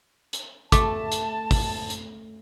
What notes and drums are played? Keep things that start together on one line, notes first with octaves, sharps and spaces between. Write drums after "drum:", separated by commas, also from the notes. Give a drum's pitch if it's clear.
drum: hi-hat
A3 A5 D6, drum: kick, hi-hat
drum: hi-hat
drum: kick, open hi-hat
drum: hi-hat